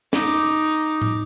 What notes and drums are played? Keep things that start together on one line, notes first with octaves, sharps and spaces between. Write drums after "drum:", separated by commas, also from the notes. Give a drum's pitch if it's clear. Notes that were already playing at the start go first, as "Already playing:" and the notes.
D#4 D6, drum: snare
drum: tom A2